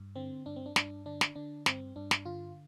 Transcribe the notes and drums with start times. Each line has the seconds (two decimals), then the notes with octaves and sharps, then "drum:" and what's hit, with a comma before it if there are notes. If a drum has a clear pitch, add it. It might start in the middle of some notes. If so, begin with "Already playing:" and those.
Already playing: G2
0.16 D3 C4
0.46 G2 D4
0.56 C4
0.66 D4
0.76 G2 D4, drum: snare
1.06 D3 D4
1.21 drum: snare
1.36 D3 D4
1.66 G2 C4, drum: snare
1.96 G2 D4
2.11 drum: snare
2.25 D3 F4